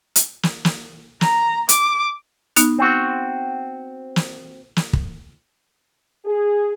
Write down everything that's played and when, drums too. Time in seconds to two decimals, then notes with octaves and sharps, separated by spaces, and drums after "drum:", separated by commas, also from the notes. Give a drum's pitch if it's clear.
0.16 drum: hi-hat
0.43 drum: snare
0.65 drum: snare
1.21 A#5, drum: snare
1.69 D6, drum: hi-hat
2.56 B3 D#4 F#6, drum: hi-hat
2.78 C4 F#4
4.16 drum: snare
4.76 drum: snare
4.93 drum: kick
6.25 G#4